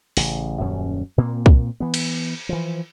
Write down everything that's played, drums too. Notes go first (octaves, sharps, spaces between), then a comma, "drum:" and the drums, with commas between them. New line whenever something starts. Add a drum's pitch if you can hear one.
A1 C#3, drum: open hi-hat
D#1 F#2 G3 C#4
A#2 A#3 C4
drum: kick
E3 B3
drum: cymbal
E3 F3